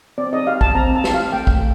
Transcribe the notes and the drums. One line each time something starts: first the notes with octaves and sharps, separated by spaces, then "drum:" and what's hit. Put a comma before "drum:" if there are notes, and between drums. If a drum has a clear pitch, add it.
C4 D5
D#5
G4 F5
A5, drum: kick
C4 A#5
A5
G4, drum: snare
F5
A3 G5
drum: kick